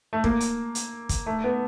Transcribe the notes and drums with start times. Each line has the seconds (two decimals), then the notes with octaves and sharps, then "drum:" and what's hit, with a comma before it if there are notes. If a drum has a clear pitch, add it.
0.13 A3
0.24 A#3, drum: kick
0.40 drum: hi-hat
0.75 drum: hi-hat
1.09 drum: kick, hi-hat
1.26 A3
1.44 B3